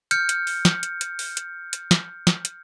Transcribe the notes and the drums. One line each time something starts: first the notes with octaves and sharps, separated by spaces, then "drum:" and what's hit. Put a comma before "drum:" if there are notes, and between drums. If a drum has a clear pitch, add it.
F6 G6 C#7, drum: hi-hat
drum: hi-hat
drum: open hi-hat
drum: snare
drum: hi-hat
drum: hi-hat
drum: open hi-hat
drum: hi-hat
drum: hi-hat
drum: snare
drum: snare
drum: hi-hat